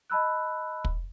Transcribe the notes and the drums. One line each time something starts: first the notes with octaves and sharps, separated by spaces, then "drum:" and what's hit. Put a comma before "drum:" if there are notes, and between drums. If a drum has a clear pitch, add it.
D#5 A5 B5 E6 F#6
drum: kick